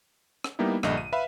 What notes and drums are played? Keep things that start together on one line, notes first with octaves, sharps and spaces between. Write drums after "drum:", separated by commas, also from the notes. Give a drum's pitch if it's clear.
drum: rim click
G3 A#3 B3 D#4 E4
A#1 G2 D3 D#5, drum: rim click
D#7
B4 E5 F5 B5